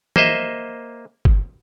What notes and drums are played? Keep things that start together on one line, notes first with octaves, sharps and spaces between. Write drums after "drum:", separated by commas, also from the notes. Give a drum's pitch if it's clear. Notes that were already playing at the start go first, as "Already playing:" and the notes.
A#3 C5 D#5 E5, drum: tom E3
drum: kick